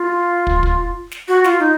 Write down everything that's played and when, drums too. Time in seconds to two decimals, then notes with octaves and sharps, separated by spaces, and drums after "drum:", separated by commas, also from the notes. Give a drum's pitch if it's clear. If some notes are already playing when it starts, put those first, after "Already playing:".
Already playing: F4
0.47 drum: kick
0.63 drum: kick
1.11 drum: snare
1.28 F#4
1.44 F4, drum: snare
1.59 D#4